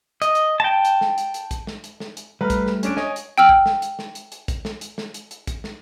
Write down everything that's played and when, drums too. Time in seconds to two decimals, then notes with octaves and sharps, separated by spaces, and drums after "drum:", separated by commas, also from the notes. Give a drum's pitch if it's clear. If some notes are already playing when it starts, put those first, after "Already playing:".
0.22 D#5, drum: hi-hat
0.35 drum: hi-hat
0.60 G5 A5
0.85 drum: hi-hat
1.01 drum: snare
1.18 drum: hi-hat
1.34 drum: hi-hat
1.51 drum: kick, hi-hat
1.67 drum: snare
1.84 drum: hi-hat
2.00 drum: snare
2.17 drum: hi-hat
2.41 G3 A3 B4 A#5 F6
2.50 drum: kick, hi-hat
2.66 drum: snare
2.83 C#4 D4 D7, drum: hi-hat
2.97 C#5 D#5 G#5, drum: snare
3.16 drum: hi-hat
3.38 G5 E6 F6
3.49 drum: kick
3.66 drum: snare
3.82 drum: hi-hat
3.99 drum: snare
4.15 drum: hi-hat
4.32 drum: hi-hat
4.48 drum: kick, hi-hat
4.65 drum: snare
4.81 drum: hi-hat
4.98 drum: snare
5.14 drum: hi-hat
5.31 drum: hi-hat
5.47 drum: kick, hi-hat
5.64 drum: snare